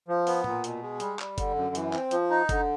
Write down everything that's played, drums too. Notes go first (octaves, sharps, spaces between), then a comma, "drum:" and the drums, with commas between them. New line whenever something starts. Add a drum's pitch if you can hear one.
F3
B3, drum: open hi-hat
A#2, drum: tom A2
B2, drum: hi-hat
G#3
G3, drum: hi-hat
G3, drum: clap
D3, drum: kick F#1, hi-hat
F#2
E3, drum: hi-hat
C4, drum: clap
F3, drum: hi-hat
D#4
D3, drum: kick F#1, hi-hat